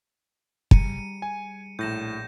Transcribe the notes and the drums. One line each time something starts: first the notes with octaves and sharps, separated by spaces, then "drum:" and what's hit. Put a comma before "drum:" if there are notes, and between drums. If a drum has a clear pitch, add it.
G3 G#4 A#5 C#7 D#7, drum: kick
G#5
A#1 A2 A5 G6 A#6 D#7 E7